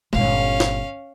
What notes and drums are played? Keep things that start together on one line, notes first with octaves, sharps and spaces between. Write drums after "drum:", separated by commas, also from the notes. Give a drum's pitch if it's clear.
G1 A#2 C#4 F5, drum: tom G#3
drum: snare